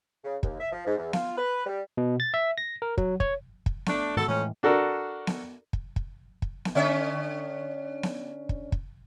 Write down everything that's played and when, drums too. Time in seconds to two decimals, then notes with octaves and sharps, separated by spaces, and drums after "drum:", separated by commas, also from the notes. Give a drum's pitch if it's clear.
0.24 C#3
0.43 D#2, drum: kick
0.60 E5
0.72 F3
0.87 G#2
0.98 E2
1.13 F4, drum: snare B3
1.37 B4
1.66 G3
1.97 B2
2.20 A6
2.34 E5
2.58 A#6
2.82 A#4
2.98 F#3, drum: kick
3.20 C#5, drum: kick
3.66 drum: kick
3.86 A3 D4, drum: snare B3
4.16 G#2 B2 D#3 A4
4.28 F2 A2 E3 G#3 C#4
4.63 D4 F#4 A4 A#4
5.27 drum: snare B3
5.73 drum: kick
5.96 drum: kick
6.42 drum: kick
6.65 drum: snare B3
6.75 D3 C#4 E5
8.03 drum: snare B3
8.49 drum: kick
8.72 drum: kick